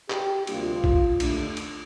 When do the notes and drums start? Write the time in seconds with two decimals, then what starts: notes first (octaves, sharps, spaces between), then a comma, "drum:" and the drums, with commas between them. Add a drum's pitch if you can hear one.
0.10 G4, drum: clap
0.47 D2 C3 G3 A#3 D4 F4, drum: cymbal
0.84 drum: kick
1.20 D#2 D3 A3 D4, drum: cymbal
1.57 drum: cymbal